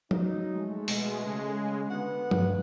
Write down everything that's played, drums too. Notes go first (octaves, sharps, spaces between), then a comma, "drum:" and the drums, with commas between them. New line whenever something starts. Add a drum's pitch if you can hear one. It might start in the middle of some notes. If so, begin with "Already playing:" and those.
F#3 D#4, drum: tom F3
G#3 A3
B2, drum: open hi-hat
C#3
D3 B3 F#5
G2, drum: tom F3